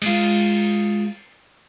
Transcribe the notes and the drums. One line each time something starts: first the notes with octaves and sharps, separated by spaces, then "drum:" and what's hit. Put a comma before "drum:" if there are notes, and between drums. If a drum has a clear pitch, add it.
G#3 F4, drum: cymbal